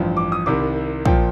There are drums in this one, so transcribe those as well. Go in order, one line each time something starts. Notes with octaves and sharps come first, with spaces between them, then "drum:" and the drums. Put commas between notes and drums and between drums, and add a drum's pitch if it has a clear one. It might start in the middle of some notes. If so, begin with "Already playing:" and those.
Already playing: A1 G2 F3
D6
D#6
C2 C3 D#3 D6
A#2 F3 G5, drum: kick